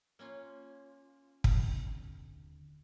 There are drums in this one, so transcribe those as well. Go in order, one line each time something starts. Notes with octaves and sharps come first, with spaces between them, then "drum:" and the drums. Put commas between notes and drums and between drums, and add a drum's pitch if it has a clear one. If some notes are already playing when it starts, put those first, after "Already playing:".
A#3 C#4 F4
D#1 D3 C4, drum: kick